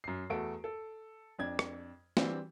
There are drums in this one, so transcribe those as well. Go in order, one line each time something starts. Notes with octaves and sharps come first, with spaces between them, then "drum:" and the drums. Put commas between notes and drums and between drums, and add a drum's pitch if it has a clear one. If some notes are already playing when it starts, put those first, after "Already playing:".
F#2 C7
E2 A3 F#4 A4 D7
A4
F2 D4 G#6
drum: rim click
E3 G3 C4 D4 F#4, drum: snare